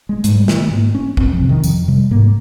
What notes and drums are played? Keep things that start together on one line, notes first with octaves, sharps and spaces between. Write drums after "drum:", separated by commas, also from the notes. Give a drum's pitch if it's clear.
G#3
G#2 G#3, drum: hi-hat
G3
D#3, drum: snare
A#3
G#2 A#3
C#4
F2 C4, drum: kick
F3
C3
D#3
F2 F3, drum: tambourine
C3 G3
G#2 A#3